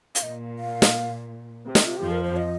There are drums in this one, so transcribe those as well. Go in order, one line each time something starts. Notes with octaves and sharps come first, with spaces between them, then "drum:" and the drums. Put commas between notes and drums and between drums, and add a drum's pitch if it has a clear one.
F5, drum: hi-hat
A#2 D#5
F5
drum: snare
C3
drum: snare
F4
F2 F3 G4
A#4
C5
D#5